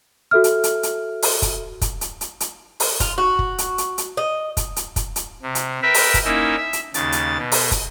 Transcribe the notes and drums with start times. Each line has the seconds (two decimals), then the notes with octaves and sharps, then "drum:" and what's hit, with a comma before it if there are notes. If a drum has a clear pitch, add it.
0.31 F#4 A4 E5 F6
0.44 drum: hi-hat
0.64 drum: hi-hat
0.83 drum: hi-hat
1.23 drum: open hi-hat
1.42 drum: kick, hi-hat
1.81 drum: kick, hi-hat
2.01 drum: hi-hat
2.21 drum: hi-hat
2.40 drum: hi-hat
2.80 drum: open hi-hat
3.00 F4, drum: kick, hi-hat
3.18 F#4
3.39 drum: kick
3.58 drum: hi-hat
3.78 drum: hi-hat
3.98 drum: hi-hat
4.17 D#5
4.57 drum: kick, hi-hat
4.76 drum: hi-hat
4.96 drum: kick, hi-hat
5.16 drum: hi-hat
5.42 C3
5.55 drum: hi-hat
5.82 A#4 B4 E5 G5 B5
5.94 drum: open hi-hat
6.14 drum: kick, hi-hat
6.25 A#3 C#4 D#4 E4 E5
6.58 E5
6.73 drum: hi-hat
6.94 D#2 C#3 A6, drum: hi-hat
7.12 drum: hi-hat
7.37 B2
7.52 drum: open hi-hat
7.71 drum: kick, hi-hat